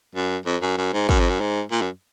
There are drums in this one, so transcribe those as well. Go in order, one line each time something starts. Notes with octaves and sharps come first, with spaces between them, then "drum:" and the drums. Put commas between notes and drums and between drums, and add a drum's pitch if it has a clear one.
F#2
F2
F#2
F#2
G#2
F#2, drum: kick
F2
F#2
G#2
A#2
F#2